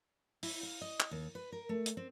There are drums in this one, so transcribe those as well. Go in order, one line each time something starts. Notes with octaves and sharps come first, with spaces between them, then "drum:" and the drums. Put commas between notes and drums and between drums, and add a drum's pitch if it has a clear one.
E4, drum: open hi-hat
F5
D#5
drum: clap
D#2
B4
A#4
A3
drum: hi-hat
C4